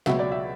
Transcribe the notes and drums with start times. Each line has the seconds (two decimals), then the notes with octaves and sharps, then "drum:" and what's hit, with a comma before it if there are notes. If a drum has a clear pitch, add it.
0.06 C#2 B2 F#3 E5, drum: snare
0.19 D5
0.32 E5